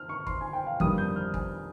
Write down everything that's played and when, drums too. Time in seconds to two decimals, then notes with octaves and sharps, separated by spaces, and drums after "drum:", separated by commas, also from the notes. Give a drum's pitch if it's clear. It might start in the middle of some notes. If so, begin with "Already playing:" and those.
Already playing: F6
0.09 C#6
0.27 C6, drum: kick
0.41 G#5
0.53 G5
0.67 F5
0.80 G1 F2 D#3 G3 D#6, drum: kick
0.98 G6
1.16 F6
1.34 G#5, drum: kick